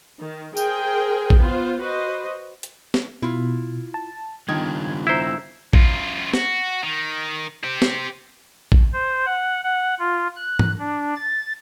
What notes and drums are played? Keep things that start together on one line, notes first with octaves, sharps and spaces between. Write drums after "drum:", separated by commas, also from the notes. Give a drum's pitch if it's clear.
D#3
G#4 A#4 C5 G5, drum: tambourine
drum: kick
B3 F4 C5
F#4 B4 C5 D#5
drum: hi-hat
drum: snare
B2 E4 F4
A5
D#3 G3 D4 F4 G#6
E4 C5 A#5 E6
F#2 F4, drum: kick
F#4, drum: snare
D#3
G4 C5
drum: snare
drum: kick
C5
F#5
F#5
F4
F#6
drum: tom G#2
D4
A6